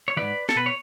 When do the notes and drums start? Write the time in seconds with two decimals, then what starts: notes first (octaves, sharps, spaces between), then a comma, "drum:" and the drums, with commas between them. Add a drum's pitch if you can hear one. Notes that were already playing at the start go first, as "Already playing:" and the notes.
0.08 C#5
0.17 G#2 E3 B4 D5
0.49 A4, drum: snare
0.55 B2 B4
0.66 C#5